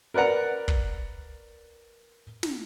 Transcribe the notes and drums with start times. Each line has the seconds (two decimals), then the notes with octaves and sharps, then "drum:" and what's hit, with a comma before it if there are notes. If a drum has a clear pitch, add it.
0.14 A#4 B4 D5 F#5 A#5
0.68 drum: kick
2.43 drum: snare